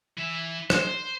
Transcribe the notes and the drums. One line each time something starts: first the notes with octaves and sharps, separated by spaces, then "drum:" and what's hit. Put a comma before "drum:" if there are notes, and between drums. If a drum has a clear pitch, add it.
E3 E5
C5, drum: rim click